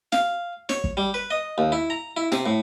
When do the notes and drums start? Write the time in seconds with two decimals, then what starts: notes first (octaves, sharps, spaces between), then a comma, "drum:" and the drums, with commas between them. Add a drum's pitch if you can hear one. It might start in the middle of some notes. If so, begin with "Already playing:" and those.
0.12 F5, drum: snare
0.69 C#5, drum: snare
0.84 drum: kick
0.97 G3
1.14 B4
1.31 D#5
1.58 D#2
1.72 E4
1.90 A#5
2.17 E4
2.32 C3, drum: snare
2.46 A2